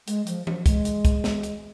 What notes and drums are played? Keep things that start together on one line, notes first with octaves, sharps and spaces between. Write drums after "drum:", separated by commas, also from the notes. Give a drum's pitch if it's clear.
G#3, drum: hi-hat
F3, drum: hi-hat
F3, drum: tom E3
G#3, drum: kick, hi-hat
drum: hi-hat
drum: kick, hi-hat
drum: snare
drum: hi-hat